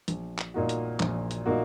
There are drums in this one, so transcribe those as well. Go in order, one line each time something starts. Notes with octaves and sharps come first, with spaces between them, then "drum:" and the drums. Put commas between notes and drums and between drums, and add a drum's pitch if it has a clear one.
A#1, drum: hi-hat
drum: clap
A#2 A#3 D#4 F#4
drum: hi-hat
A#1, drum: clap
drum: hi-hat
A#2 A#3 D#4 F#4